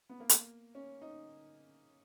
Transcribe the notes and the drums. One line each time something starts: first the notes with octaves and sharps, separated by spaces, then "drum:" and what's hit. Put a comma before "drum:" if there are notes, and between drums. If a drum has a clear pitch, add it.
B3
A#3
drum: hi-hat
C#4
D#4